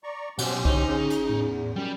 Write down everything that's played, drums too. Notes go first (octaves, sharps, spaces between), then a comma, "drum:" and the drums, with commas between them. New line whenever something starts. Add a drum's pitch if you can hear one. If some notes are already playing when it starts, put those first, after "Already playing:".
D5 A#5 C#6
B1 C#4 F#4 G4 C5 F#5, drum: cymbal
A1 D3 D#4 C#5, drum: kick C2
C#3
drum: hi-hat
E2 A2
F#2 G3